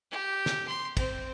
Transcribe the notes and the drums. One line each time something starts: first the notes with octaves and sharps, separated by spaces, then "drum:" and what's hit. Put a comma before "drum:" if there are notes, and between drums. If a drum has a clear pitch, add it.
G4
drum: snare
C6
C4, drum: kick, cymbal